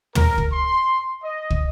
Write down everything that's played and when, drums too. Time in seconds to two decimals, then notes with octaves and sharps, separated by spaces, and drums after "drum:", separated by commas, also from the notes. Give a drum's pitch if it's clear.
0.15 A#4, drum: tom
0.38 drum: kick
0.52 C6
1.24 D#5
1.50 drum: kick